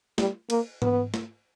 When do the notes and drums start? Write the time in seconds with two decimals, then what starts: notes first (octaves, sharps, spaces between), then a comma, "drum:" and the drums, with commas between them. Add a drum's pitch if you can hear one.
0.18 G3, drum: snare
0.50 A#3, drum: cymbal
0.82 B3, drum: tom G#2
1.14 drum: snare